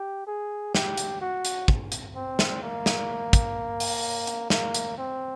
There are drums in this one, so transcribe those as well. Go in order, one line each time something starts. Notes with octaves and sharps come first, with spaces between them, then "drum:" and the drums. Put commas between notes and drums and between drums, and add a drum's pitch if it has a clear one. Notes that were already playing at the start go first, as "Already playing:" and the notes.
Already playing: G4
G#4
G4, drum: snare
drum: hi-hat
F#4
drum: hi-hat
drum: kick
drum: hi-hat
C4
drum: snare
A#3
drum: snare
drum: kick, hi-hat
drum: open hi-hat
drum: hi-hat
A#3, drum: snare
drum: hi-hat
C4